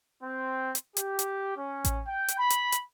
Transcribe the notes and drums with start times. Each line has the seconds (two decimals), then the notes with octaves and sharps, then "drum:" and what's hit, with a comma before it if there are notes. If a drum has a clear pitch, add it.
0.23 C4
0.75 drum: hi-hat
0.97 G4, drum: hi-hat
1.19 drum: hi-hat
1.57 C#4
1.85 drum: kick A1, hi-hat
2.06 G5
2.28 drum: hi-hat
2.37 B5
2.50 drum: hi-hat
2.72 drum: hi-hat